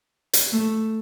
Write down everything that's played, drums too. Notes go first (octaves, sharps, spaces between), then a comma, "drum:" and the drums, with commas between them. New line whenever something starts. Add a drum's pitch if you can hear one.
drum: hi-hat
A3